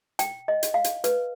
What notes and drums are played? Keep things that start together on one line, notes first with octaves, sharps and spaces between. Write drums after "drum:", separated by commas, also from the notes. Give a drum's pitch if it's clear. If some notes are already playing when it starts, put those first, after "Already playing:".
G5, drum: hi-hat
D#5
drum: hi-hat
F5
drum: hi-hat
B4, drum: hi-hat